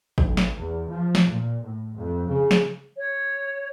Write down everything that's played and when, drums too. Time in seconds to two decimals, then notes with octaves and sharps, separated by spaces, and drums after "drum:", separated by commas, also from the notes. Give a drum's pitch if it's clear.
0.18 B1, drum: kick
0.37 drum: snare
0.54 E2
0.88 F3
1.15 drum: snare
1.28 A#2
1.63 A2
1.93 F2
2.29 C#3
2.51 drum: snare
2.96 C#5